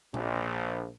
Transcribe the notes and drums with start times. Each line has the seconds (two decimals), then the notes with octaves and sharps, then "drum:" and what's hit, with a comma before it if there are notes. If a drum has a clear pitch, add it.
0.14 A#1, drum: tom A#2